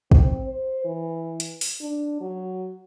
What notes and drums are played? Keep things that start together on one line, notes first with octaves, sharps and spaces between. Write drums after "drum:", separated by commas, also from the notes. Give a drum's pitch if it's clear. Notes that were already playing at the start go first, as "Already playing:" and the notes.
C4, drum: kick
C5
E3
drum: hi-hat
drum: open hi-hat
D4
F#3